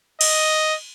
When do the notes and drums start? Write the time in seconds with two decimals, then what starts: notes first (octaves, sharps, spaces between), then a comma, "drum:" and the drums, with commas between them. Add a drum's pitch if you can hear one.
0.21 D#5, drum: cymbal